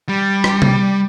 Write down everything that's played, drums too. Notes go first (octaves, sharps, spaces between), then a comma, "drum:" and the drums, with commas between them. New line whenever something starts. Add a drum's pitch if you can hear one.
G3
drum: rim click
drum: tom C3